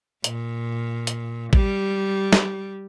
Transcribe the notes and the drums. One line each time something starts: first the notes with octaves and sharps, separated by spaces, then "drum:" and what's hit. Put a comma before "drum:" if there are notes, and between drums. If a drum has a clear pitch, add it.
A#2, drum: hi-hat
drum: hi-hat
G3, drum: kick G#1
drum: snare